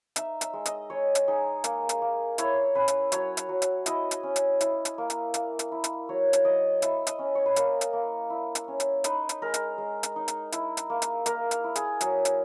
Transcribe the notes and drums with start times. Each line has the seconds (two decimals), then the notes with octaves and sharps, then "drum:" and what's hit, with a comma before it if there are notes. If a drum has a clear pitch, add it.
0.16 D#4 E5, drum: hi-hat
0.41 E5, drum: hi-hat
0.53 G#3
0.66 D#5, drum: hi-hat
0.90 G#3 C#5
1.15 drum: hi-hat
1.28 D#4 G#4
1.64 A#3, drum: hi-hat
1.89 drum: hi-hat
2.02 A#3
2.38 E4 C#5, drum: hi-hat
2.75 C#4 B4
2.88 drum: hi-hat
3.12 F#3 C#5, drum: hi-hat
3.37 drum: hi-hat
3.49 F#3
3.62 drum: hi-hat
3.86 E4 D#5, drum: hi-hat
4.11 drum: hi-hat
4.23 C#4
4.36 drum: hi-hat
4.61 E4, drum: hi-hat
4.85 drum: hi-hat
4.98 A#3
5.10 drum: hi-hat
5.34 A#3, drum: hi-hat
5.59 drum: hi-hat
5.72 E4
5.84 drum: hi-hat
6.09 F#3 C#5
6.33 drum: hi-hat
6.45 F#3 D#5
6.82 E4 E5, drum: hi-hat
7.07 D#5, drum: hi-hat
7.19 C#4
7.35 C#5
7.46 B4
7.56 A#3 A#4, drum: hi-hat
7.81 drum: hi-hat
7.93 A#3
8.30 E4
8.55 drum: hi-hat
8.68 C#4
8.80 drum: hi-hat
9.04 D#4 B4, drum: hi-hat
9.29 drum: hi-hat
9.42 G#3 A#4
9.54 drum: hi-hat
9.78 G#3
10.03 drum: hi-hat
10.16 D#4
10.28 drum: hi-hat
10.52 E4, drum: hi-hat
10.77 drum: hi-hat
10.90 A#3
11.02 drum: hi-hat
11.26 A#3 A#4, drum: hi-hat
11.51 drum: hi-hat
11.64 E4
11.76 G#4, drum: hi-hat
12.01 F#3 G#4, drum: hi-hat
12.25 drum: hi-hat